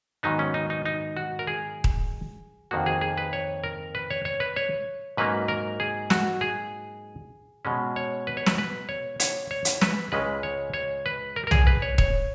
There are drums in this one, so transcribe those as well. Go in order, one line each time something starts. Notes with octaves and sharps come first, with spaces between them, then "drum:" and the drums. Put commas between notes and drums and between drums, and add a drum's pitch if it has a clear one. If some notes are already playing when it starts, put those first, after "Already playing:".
G#2 D#3 F#3 B3 D#4
C#4
D#4
D#4
D#4
F#4
A#4
G#4
drum: kick D#1
F2 D#3 A#3 F#4
G#4
G#4
B4
C#5
A#4
B4
C#5
C#5
B4
C#5
G#2 F#3 A#3 C#4 B4
A#4
G#4
F#4, drum: snare
G#4
B2 G#3 C#4
C#5
B4
C#5
B4, drum: snare
B4
C#5
C#5, drum: hi-hat
C#5
drum: hi-hat
B4, drum: snare
C#2 C#3 G#3 C#4 B4
C#5
C#5
B4
A#4
A#4
G#4, drum: tom B1
B4
C#5
C#5, drum: kick D#1